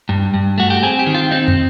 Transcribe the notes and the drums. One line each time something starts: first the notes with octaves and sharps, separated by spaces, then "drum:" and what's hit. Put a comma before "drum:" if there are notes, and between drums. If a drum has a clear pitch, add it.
G2
G2
A3 F#4
G4
C4 G#4
G4
D#3
F4
C4 D#4
drum: tom